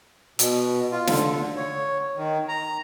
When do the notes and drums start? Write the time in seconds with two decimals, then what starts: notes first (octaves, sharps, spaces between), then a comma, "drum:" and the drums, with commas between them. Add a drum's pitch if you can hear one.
0.39 B2, drum: hi-hat
0.92 F4
1.07 D3, drum: snare
1.56 C#5
2.17 D#3
2.49 A#5